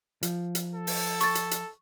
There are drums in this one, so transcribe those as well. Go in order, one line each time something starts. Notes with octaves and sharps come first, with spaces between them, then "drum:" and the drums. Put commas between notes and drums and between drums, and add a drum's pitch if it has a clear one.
F3, drum: hi-hat
drum: hi-hat
A4
drum: open hi-hat
C#6 A6, drum: hi-hat
drum: hi-hat
drum: hi-hat